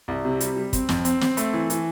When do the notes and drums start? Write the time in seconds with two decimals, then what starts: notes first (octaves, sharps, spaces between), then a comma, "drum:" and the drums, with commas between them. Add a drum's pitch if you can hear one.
0.08 C2
0.25 C3
0.40 G3, drum: hi-hat
0.56 G3
0.73 C4, drum: kick, hi-hat
0.89 F2, drum: snare
1.05 C4, drum: hi-hat
1.21 C4, drum: snare
1.37 A3, drum: hi-hat
1.53 E3
1.70 E3, drum: hi-hat